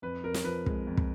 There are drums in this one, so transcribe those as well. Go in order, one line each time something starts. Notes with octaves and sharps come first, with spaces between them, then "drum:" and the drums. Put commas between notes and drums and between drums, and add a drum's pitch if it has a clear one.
F2 B4
F2 A#4
drum: snare
F3 B4
G#3, drum: kick
F2
drum: kick